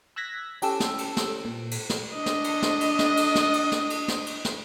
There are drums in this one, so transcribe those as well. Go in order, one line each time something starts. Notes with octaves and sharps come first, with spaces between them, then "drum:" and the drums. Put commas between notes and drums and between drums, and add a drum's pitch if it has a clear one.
E6 F#6 G#6 A#6 B6
C#4 G4 A4 E6, drum: cymbal
drum: snare
drum: cymbal
drum: snare
A#2
drum: cymbal
drum: snare
D4 D#5
drum: snare
drum: cymbal
drum: snare
drum: cymbal
drum: snare
drum: cymbal
drum: snare
drum: cymbal
drum: snare
drum: cymbal
drum: snare
drum: cymbal
drum: snare